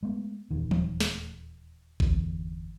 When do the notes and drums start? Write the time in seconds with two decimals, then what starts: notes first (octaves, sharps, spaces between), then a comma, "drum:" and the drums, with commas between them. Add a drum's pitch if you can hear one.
0.03 G#3 A3 B3
0.51 D#1 E2 D#3
0.71 drum: tom E3
1.00 drum: snare
2.00 G1 E2, drum: kick